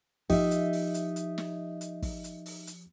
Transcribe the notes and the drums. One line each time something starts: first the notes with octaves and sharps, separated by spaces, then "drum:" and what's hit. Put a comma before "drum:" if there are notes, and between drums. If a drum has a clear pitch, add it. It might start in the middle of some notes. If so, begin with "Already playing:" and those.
F3 D#4 G4 E5, drum: kick, open hi-hat
drum: hi-hat
drum: open hi-hat
drum: hi-hat
drum: hi-hat
drum: snare
drum: hi-hat
drum: kick, open hi-hat
drum: hi-hat
drum: open hi-hat
drum: hi-hat